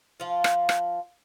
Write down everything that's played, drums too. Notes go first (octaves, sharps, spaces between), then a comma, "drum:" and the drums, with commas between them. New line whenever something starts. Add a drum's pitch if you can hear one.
F3 F4
drum: rim click
drum: rim click